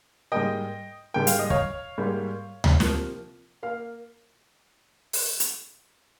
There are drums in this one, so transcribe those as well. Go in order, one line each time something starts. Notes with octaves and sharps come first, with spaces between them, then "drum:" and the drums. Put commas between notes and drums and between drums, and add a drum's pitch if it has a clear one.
G#2 G3 A#3 D#5 G5
G#2 G3 A#3 G5
F5, drum: hi-hat
D#5
C#5 F5, drum: kick
G#2 G3 A#3
drum: tom D2
C3 F3 A#3, drum: snare
A#3 F5
drum: open hi-hat
drum: hi-hat